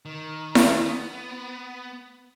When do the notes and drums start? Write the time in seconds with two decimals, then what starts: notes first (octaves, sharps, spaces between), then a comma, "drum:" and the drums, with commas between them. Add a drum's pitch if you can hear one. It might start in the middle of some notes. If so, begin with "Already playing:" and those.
0.05 D#3
0.55 drum: snare E4
0.81 B3